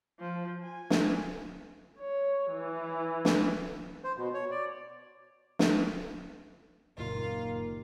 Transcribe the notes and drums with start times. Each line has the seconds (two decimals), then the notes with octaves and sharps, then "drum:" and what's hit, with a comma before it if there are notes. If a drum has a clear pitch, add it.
0.20 F3
0.64 G#5
0.90 drum: snare
1.99 C#5
2.52 E3
3.25 drum: snare
4.04 C5
4.18 B2
4.34 C#5
4.51 D5
5.59 drum: snare
6.98 F#1 D#2 A#2 A#3 F4